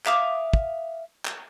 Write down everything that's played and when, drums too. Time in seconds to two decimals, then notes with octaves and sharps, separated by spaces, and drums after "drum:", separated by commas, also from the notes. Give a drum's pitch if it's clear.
0.06 E5 F5 D6 D#6, drum: clap
0.53 drum: kick
1.25 drum: clap